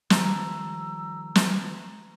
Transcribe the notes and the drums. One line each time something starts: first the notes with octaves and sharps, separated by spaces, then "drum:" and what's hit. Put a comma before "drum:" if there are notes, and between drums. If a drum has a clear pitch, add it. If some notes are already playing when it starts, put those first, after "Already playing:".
D#3 F3 G3 A#5 E6, drum: snare
drum: snare